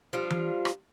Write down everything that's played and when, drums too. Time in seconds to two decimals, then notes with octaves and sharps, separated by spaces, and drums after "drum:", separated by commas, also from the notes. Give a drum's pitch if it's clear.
0.13 F3 G3 D4 F4
0.30 drum: tom E3
0.65 drum: rim click